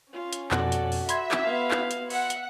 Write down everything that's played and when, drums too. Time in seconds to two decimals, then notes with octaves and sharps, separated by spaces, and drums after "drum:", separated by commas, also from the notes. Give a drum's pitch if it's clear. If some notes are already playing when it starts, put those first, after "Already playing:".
0.13 C#4 F4
0.33 drum: hi-hat
0.51 F2 B2 F#4 A4 D5, drum: clap
0.72 drum: hi-hat
0.92 drum: open hi-hat
1.09 E5 B5 C6 G#6, drum: hi-hat
1.31 drum: clap
1.43 B3 F5
1.71 drum: clap
1.91 drum: hi-hat
2.10 E5 F#5, drum: open hi-hat
2.30 drum: hi-hat